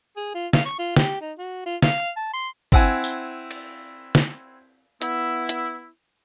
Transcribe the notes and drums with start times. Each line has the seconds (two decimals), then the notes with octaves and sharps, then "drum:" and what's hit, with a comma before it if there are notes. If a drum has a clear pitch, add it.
0.17 G#4
0.35 F4
0.53 F5, drum: snare
0.65 C#6
0.79 F4
0.96 G4, drum: snare
1.21 D#4
1.38 F#4
1.66 F4
1.82 F5, drum: snare
2.16 A5
2.33 C6
2.72 C4 E4 F#5 G#5, drum: kick
3.04 drum: tambourine
3.51 drum: cymbal
4.15 drum: snare
5.02 B3 E4, drum: hi-hat
5.49 drum: hi-hat